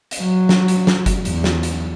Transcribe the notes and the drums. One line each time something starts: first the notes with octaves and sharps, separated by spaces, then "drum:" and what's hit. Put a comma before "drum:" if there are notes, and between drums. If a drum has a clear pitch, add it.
drum: hi-hat
F#3
drum: snare
drum: hi-hat
drum: snare
drum: kick F#1, hi-hat
E2, drum: hi-hat
drum: snare
drum: hi-hat